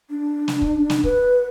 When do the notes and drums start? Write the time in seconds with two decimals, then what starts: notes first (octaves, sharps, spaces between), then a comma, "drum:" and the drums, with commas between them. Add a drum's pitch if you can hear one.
0.10 D4
0.48 drum: snare
0.62 drum: kick
0.90 drum: snare
1.04 B4, drum: kick